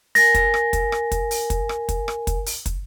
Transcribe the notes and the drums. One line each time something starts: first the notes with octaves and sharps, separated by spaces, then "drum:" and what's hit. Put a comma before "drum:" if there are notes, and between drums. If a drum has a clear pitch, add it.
A#4 G#5 A6 A#6, drum: open hi-hat
drum: kick, hi-hat
drum: rim click
drum: kick, hi-hat
drum: rim click
drum: kick, hi-hat
drum: open hi-hat
drum: kick, hi-hat
drum: rim click
drum: kick, hi-hat
drum: rim click
drum: kick, hi-hat
drum: open hi-hat
drum: kick, hi-hat